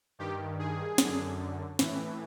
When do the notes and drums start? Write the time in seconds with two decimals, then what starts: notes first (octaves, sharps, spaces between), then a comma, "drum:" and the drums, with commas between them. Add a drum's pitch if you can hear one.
0.19 G2 D#3 G4
0.59 G#4
0.98 F#2 D3, drum: snare
1.79 A2 E3, drum: snare